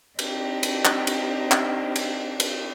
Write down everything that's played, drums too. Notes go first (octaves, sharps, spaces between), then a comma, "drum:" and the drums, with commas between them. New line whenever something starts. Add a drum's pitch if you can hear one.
C4 D4 D#4 G4, drum: cymbal
drum: cymbal
drum: clap
drum: cymbal
drum: clap
drum: cymbal
drum: cymbal